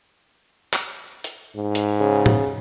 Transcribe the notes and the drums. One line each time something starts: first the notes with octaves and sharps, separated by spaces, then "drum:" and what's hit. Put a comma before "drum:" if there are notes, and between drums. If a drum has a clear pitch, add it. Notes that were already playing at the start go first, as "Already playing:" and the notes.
drum: clap
drum: hi-hat
G#2
drum: hi-hat
C#3
drum: tom